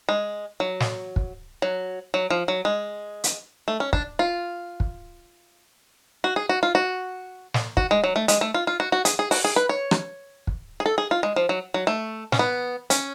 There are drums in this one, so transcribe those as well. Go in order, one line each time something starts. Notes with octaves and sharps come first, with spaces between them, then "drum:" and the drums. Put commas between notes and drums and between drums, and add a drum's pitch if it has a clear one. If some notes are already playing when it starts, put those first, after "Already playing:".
G#3
F#3
drum: snare
drum: kick
F#3
F#3
F3
F#3
G#3
drum: hi-hat
A3
C#4
D4, drum: kick
F4
drum: kick
F#4
G#4
F#4
F4
F#4
drum: snare
F#4, drum: kick
G#3
F#3
A3
G#3, drum: hi-hat
A3
F4
F4
F#4
F#4
G#4, drum: hi-hat
G#4
F#4, drum: open hi-hat
G#4
B4
C#5
drum: rim click
drum: kick
G#4
A4
G#4
F4
G#3
F3
F#3
F#3
A3
C#4, drum: snare
B3
C#4, drum: hi-hat